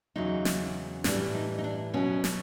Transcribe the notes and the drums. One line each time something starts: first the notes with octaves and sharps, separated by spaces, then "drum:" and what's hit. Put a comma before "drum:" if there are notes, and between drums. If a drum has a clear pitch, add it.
E2 C#3 F#3 D#4
drum: snare
A2 E3 G3 D4, drum: snare
D#4
D#4
D4
B2 F#3 C#4
drum: snare